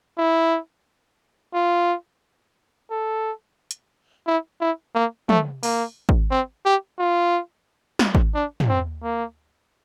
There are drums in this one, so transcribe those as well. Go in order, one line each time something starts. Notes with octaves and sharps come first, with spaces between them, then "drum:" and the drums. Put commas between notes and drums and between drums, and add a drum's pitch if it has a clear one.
E4
F4
A4
drum: hi-hat
E4
E4
A#3
A3, drum: tom
A#3, drum: open hi-hat
drum: kick G#1
C4
G4
F4
drum: snare
drum: kick G#1
D4
drum: tom
C4
A#3